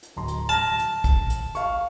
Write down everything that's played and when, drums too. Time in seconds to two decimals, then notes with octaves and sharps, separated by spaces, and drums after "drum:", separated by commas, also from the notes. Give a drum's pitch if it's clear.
0.03 drum: hi-hat
0.16 D1 A#5 C6
0.28 drum: hi-hat
0.49 A5 F6 A#6
0.79 drum: hi-hat
1.04 drum: kick, hi-hat
1.30 drum: hi-hat
1.55 F5 C#6, drum: hi-hat